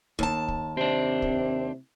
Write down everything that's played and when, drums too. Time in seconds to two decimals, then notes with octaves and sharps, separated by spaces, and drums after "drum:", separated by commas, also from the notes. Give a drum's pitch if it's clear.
0.19 D#2 A5, drum: kick
0.48 drum: kick
0.77 C3 C4 D4
1.22 drum: kick